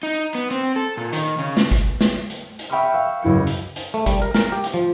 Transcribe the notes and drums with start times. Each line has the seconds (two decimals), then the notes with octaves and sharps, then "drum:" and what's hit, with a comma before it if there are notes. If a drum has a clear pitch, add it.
0.03 D#4
0.35 B3
0.51 C4
0.76 A4
0.97 A#2
1.13 D#3, drum: hi-hat
1.39 C#3
1.57 drum: snare
1.71 drum: kick, hi-hat
2.01 drum: snare
2.30 drum: hi-hat
2.59 drum: hi-hat
2.70 E5 G5 B5 C#6 D#6 F6
2.92 F5 E6 F#6
3.22 C#2 F#2 E4 G6 C#7
3.47 drum: hi-hat
3.76 drum: hi-hat
3.94 A3
4.06 G3, drum: kick, hi-hat
4.22 A#4
4.34 A#4, drum: snare
4.52 G4
4.64 drum: hi-hat
4.74 F3